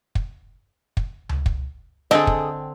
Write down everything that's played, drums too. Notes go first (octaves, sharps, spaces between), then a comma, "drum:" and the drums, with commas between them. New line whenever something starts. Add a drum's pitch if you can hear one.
drum: kick
drum: kick
drum: tom C#2
drum: kick
D3 C4 G#4 A4 D#5 G5
drum: kick